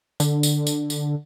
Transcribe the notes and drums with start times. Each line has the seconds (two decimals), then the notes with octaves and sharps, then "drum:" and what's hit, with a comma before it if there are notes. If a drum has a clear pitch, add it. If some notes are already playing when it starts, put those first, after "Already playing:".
0.20 D3, drum: tambourine
0.43 drum: tambourine
0.67 drum: tambourine
0.90 drum: tambourine